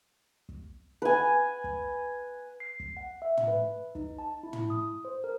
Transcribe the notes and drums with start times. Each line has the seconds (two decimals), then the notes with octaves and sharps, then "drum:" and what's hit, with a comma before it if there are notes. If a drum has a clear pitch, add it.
0.49 drum: kick
1.02 B4 G#5
1.64 drum: kick
2.60 C7
2.80 drum: kick
2.97 F#5
3.22 E5
3.37 drum: tom
3.48 B4
3.95 D#4, drum: kick
4.19 A5
4.43 E4
4.53 drum: tom
4.70 D#6
5.05 C5
5.24 A#4